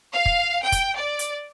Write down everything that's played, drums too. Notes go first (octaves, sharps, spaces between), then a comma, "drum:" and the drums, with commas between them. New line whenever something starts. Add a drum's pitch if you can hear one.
F5
drum: kick
G5
drum: kick, hi-hat
D5
drum: hi-hat